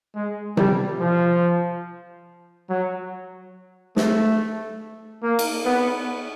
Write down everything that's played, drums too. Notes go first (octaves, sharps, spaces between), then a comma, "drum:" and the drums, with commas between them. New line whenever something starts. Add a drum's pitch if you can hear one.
G#3
G3, drum: tom C3
F3
F#3
A3, drum: snare
A#3
drum: cymbal
B3